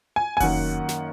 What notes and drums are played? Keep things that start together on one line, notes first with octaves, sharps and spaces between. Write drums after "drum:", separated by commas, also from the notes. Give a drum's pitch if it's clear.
G#5
G#5
F#2 D#3 A#3 F#5, drum: kick F1, open hi-hat
drum: snare